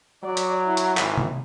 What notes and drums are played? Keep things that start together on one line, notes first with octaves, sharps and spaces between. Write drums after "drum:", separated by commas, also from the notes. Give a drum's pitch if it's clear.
F#3 D5
drum: hi-hat
E4
drum: hi-hat
G#1, drum: clap
drum: tom C3